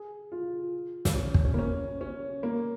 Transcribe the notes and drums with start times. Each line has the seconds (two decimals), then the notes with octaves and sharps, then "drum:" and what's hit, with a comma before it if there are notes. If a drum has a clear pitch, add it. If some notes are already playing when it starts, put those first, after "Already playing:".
Already playing: G#4
0.32 F4
1.05 drum: snare
1.16 C#4
1.34 drum: kick
1.45 C#4
1.54 A#3
1.59 C#4
2.01 C#4
2.43 A#3